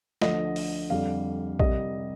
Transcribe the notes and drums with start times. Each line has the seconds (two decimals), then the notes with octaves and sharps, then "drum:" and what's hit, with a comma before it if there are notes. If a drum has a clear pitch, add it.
0.22 D2 D3 F3 D#5, drum: snare
0.56 drum: open hi-hat
0.90 F2 D3 G3 F5
1.59 C2 C3 G3 D#5, drum: kick A#1